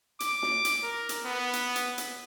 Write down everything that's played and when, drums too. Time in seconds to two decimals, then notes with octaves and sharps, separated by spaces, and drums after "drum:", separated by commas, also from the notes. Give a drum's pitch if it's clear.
0.20 D6, drum: hi-hat
0.42 drum: snare
0.65 drum: hi-hat
0.83 A#4
1.09 drum: hi-hat
1.26 B3
1.53 drum: hi-hat
1.76 drum: hi-hat
1.98 drum: hi-hat